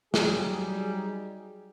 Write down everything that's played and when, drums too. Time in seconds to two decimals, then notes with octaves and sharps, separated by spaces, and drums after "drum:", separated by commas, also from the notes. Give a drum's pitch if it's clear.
0.14 F#3 G3 D#4 G#4, drum: snare